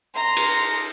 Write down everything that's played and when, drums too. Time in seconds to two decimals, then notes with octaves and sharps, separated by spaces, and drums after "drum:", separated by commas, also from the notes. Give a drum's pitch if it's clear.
0.15 A#5 C6
0.37 drum: cymbal